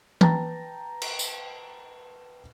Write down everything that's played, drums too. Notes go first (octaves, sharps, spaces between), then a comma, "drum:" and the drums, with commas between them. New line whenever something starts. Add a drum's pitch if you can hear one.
B4 G5 A5 A#5 A6, drum: tom E3
drum: cymbal
drum: tambourine